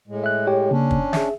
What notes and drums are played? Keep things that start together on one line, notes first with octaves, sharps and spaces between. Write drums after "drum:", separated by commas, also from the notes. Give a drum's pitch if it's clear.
A2 G#3
E5 F#6
G4 C#5 G5
C#3 A#3 C#4 D4
drum: kick
G#4 E5, drum: snare